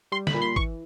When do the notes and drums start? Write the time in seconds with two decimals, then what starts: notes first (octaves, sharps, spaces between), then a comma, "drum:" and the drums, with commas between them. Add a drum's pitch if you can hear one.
0.12 G3 C6
0.27 B5, drum: snare
0.34 A#2
0.42 C6
0.56 E3 C#6, drum: kick